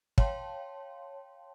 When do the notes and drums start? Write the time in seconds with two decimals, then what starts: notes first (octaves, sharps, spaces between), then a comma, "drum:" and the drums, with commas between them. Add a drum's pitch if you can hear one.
0.18 C#5 F5 G5 A5 C6, drum: kick